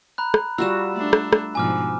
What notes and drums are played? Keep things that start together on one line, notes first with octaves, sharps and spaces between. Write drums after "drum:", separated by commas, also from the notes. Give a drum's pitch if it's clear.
A#5 B5 F#6
drum: rim click
G3 F4 F#4 E6 E7
A3 D4
drum: rim click
drum: rim click
G#2 B2 F3 G#5 D6 F6